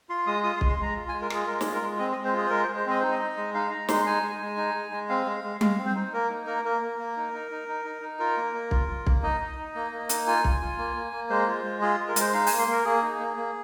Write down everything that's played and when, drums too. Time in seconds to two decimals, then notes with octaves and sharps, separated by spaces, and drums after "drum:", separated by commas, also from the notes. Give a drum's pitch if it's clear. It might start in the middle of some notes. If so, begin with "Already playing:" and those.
0.09 F4 C6
0.26 G#3 D#6
0.44 F4 D#6
0.57 C6
0.61 G#3, drum: kick
0.69 C6
0.79 G#3 A#5
0.95 F4
1.08 G#3 G#5
1.21 A#4
1.30 F4 G#4, drum: rim click
1.47 G#3 A#4
1.61 F4 G#4, drum: snare
1.73 A#4
1.82 G#3
1.98 C4 D#5
2.12 G#3 D#5
2.25 C5
2.33 F4 G#4
2.46 C5
2.50 G#3 A#4
2.64 C5
2.68 G#3
2.76 C5
2.86 C4 D#5
3.01 D#4 C5
3.11 D#5
3.19 D#4
3.37 G#3
3.54 D#4 F5
3.71 D#4 A#5
3.89 G#3 C6, drum: snare
4.06 D#4 G#5
4.22 G#3
4.40 G#3
4.57 D#4
4.74 G#3
4.91 G#3
5.09 C4 F5
5.26 G#3
5.44 G#3
5.61 G#3 F5, drum: tom G3
5.78 C4
5.86 C5
5.95 D#4
6.13 A#3 A#4
6.29 D#4
6.47 A#3 A#4
6.64 A#3 A#4
6.81 A#3
6.99 A#3
7.17 D#4
7.34 D#4
7.51 D#4
7.68 D#4
7.85 D#4
8.02 D#4
8.19 F4 A#4
8.37 A#3
8.54 A#3
8.71 F4, drum: kick
8.88 F4
9.07 A#3, drum: kick
9.23 D#4 D#5
9.40 D#4
9.57 D#4
9.75 A#3
9.92 A#3
10.09 D#4, drum: hi-hat
10.27 F4 G#5
10.44 F4, drum: kick
10.62 F4
10.78 A#3
10.96 A#3
11.12 A#3
11.30 G#3 C5
11.47 F4
11.64 G#3
11.81 F4 G#4
12.00 G#3
12.08 A#4
12.16 G#3 C5, drum: hi-hat
12.33 D#4 F5
12.47 A#3 G#5, drum: open hi-hat
12.59 C6
12.67 A#3 A#4
12.85 A#3 G#4
13.02 D#4
13.19 A#3
13.36 A#3